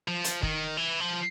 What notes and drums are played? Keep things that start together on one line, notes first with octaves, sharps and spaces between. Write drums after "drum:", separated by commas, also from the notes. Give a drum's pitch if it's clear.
F3
drum: hi-hat
D#3, drum: kick
E3
F3